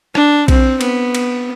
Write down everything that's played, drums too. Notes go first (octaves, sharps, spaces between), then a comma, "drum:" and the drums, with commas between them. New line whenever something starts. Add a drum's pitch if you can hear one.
D4, drum: rim click
C4, drum: kick B1, cymbal
B3, drum: cymbal
drum: cymbal